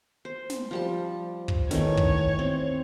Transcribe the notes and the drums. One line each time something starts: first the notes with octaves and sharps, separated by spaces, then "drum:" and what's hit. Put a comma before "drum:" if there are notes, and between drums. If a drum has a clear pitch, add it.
C5
drum: snare
F3 G3 A5
drum: kick
D#3 E3 A3 C#5, drum: snare
drum: kick
C4